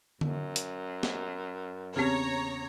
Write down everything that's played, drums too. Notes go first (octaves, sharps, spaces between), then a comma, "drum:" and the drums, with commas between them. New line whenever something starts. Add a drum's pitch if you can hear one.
F#2, drum: tom D3
drum: hi-hat
drum: snare
E2 C#3 C4 G4 G#4 C#5 A#5